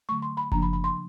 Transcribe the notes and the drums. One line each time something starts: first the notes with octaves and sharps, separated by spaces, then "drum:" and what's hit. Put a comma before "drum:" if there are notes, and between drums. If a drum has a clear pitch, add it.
D3 F#3 A3 C#6
C6
B5
C#3 F3 A#3 D4 A#5, drum: kick F#1
B5
B5
C6